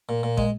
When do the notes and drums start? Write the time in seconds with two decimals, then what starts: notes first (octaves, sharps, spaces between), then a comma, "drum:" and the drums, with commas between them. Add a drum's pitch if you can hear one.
0.09 A#2
0.23 A#2
0.37 G#3, drum: kick